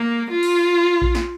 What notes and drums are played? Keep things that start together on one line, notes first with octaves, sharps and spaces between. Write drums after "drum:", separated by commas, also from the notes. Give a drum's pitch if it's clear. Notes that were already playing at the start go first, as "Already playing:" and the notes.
Already playing: A#3
F4
drum: cymbal
drum: kick A#1
drum: snare